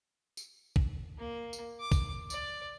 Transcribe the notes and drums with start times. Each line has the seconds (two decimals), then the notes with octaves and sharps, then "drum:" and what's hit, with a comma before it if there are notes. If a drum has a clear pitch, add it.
0.37 drum: tambourine
0.76 drum: kick
1.17 A#3
1.53 drum: tambourine
1.80 D6
1.92 drum: kick, tambourine
2.30 D5, drum: tambourine